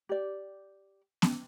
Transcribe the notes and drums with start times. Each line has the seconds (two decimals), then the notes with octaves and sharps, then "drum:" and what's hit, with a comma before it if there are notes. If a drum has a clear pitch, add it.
0.09 G4 D5
1.22 drum: snare B3